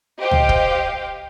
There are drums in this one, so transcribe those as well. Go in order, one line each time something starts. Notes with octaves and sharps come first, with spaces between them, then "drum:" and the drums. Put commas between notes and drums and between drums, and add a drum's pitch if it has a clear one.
G4 C5 D#5 F5 G5
drum: tom C#2
drum: kick